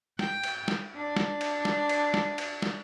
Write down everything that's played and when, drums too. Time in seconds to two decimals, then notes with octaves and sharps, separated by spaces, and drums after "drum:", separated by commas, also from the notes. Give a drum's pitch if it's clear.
0.19 G5, drum: snare
0.44 drum: cymbal
0.68 drum: snare
0.96 D4
1.16 drum: snare
1.41 drum: cymbal
1.65 drum: snare
1.89 drum: cymbal
2.14 drum: snare
2.38 drum: cymbal
2.62 drum: snare